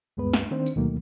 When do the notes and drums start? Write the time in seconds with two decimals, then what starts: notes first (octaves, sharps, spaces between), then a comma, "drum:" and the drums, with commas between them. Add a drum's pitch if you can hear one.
0.17 D2 G2 G#3 B3 B4
0.33 drum: snare
0.51 D#3 C4 D4 C5
0.66 drum: tambourine
0.76 D2 B2 D#3 F#3 A3 A#3